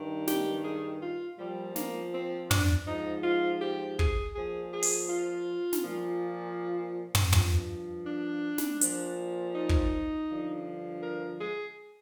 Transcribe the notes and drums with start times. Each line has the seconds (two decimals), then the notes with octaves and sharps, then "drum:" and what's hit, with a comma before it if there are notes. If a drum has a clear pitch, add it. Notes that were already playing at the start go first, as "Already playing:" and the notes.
Already playing: G2 D#3
0.28 G4, drum: snare
0.64 G#4
1.02 F4
1.38 A#2 F3 G3
1.76 A#3, drum: snare
2.14 C4
2.51 D4, drum: tom
2.87 G#2 F3 D#4
3.24 F4
3.62 G4
3.99 G#4, drum: kick
4.36 A#2 F3 G#4
4.73 G#4
4.83 drum: open hi-hat
5.09 F4
5.73 drum: snare
5.84 A#2 F3
7.15 drum: tom
7.33 G2 F3, drum: tom
8.06 D4
8.58 drum: snare
8.81 A#2 F3, drum: hi-hat
9.54 D#4
9.69 drum: kick
10.28 G2 D3 F3
11.03 A#4
11.41 G#4